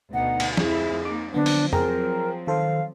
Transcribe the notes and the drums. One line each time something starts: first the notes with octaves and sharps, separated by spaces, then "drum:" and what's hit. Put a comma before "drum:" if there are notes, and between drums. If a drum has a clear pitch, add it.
D2 B2 D#4 F#5
drum: cymbal
F2 C4 E4 G#4, drum: snare
A#3 D#4 D6
D3 F3 F#3 B3 C4 D4
drum: open hi-hat
G#4 A#4 G5 A#5, drum: tom F2
D#3 A4 C5 F5